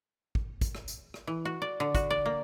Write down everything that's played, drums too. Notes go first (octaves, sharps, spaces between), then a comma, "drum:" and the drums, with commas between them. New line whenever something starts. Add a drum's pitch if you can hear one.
drum: kick
drum: kick, hi-hat
drum: rim click
drum: hi-hat
drum: rim click
E3
F#4
D5
D3
F#4, drum: kick, hi-hat
D5
A#3